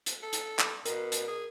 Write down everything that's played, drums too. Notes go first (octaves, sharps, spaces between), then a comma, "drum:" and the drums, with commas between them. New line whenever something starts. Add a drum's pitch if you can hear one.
drum: hi-hat
A4
drum: hi-hat
drum: clap
B2 A#4, drum: hi-hat
drum: hi-hat
G#4